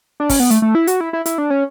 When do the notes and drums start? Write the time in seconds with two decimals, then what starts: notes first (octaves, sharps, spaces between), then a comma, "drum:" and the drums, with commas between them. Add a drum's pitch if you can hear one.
0.20 D4
0.29 C#4, drum: kick, open hi-hat
0.40 B3
0.50 A3, drum: hi-hat
0.62 A3
0.75 E4
0.87 F#4, drum: hi-hat
1.01 E4
1.13 E4
1.26 E4, drum: hi-hat
1.38 D4
1.50 C#4